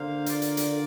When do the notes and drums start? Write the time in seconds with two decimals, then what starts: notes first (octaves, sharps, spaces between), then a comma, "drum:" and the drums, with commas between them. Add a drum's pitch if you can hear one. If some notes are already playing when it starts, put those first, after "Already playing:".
Already playing: D3 A#3 C5 F5
0.26 F4 A#4 D5, drum: hi-hat
0.42 drum: hi-hat
0.57 drum: hi-hat